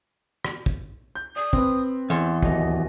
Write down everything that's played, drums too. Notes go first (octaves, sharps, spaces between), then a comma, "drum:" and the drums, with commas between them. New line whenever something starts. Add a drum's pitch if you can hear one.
drum: rim click
drum: kick
G6
D5 D#6
C4 B4, drum: kick
E2 C6
D1 D#2 D#5, drum: kick